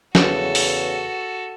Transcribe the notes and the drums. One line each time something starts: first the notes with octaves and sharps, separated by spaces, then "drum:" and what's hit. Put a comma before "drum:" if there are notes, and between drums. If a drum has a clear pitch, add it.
E2 C#3 F#4 A4, drum: snare
drum: open hi-hat